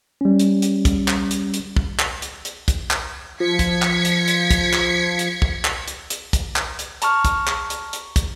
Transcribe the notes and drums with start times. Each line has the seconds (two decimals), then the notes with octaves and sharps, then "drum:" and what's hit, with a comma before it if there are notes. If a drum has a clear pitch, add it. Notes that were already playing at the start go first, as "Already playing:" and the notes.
0.21 G3 C#4
0.39 drum: hi-hat
0.62 drum: hi-hat
0.85 drum: kick, hi-hat
1.08 drum: clap
1.31 drum: hi-hat
1.54 drum: hi-hat
1.77 drum: kick
1.99 drum: clap
2.22 drum: hi-hat
2.45 drum: hi-hat
2.68 drum: kick, hi-hat
2.91 drum: clap
3.40 F3 G#6 B6 C#7
3.59 drum: kick, hi-hat
3.82 drum: clap
4.05 drum: hi-hat
4.28 drum: hi-hat
4.51 drum: kick, hi-hat
4.73 drum: clap
5.19 drum: hi-hat
5.42 drum: kick
5.65 drum: clap
5.88 drum: hi-hat
6.10 drum: hi-hat
6.33 drum: kick, hi-hat
6.56 drum: clap
6.79 drum: hi-hat
7.02 A5 A#5 C#6 F6, drum: hi-hat
7.25 drum: kick, hi-hat
7.47 drum: clap
7.70 drum: hi-hat
7.93 drum: hi-hat
8.16 drum: kick, hi-hat